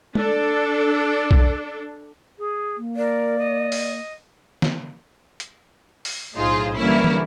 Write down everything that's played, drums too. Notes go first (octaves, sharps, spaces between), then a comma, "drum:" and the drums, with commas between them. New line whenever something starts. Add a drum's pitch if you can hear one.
D4 A4, drum: tom G#3
drum: kick B1
G#4
A#3
A#4 D5
D#5
drum: open hi-hat
drum: snare
drum: hi-hat
drum: open hi-hat
B1 A2 D#4 F4 G#4 C5
D3 E3 G3 A#3 C#4 E4
drum: tom